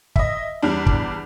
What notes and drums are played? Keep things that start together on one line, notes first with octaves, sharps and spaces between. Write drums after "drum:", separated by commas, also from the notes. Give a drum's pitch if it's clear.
D#5 E5, drum: kick
E2 G3 D4
drum: kick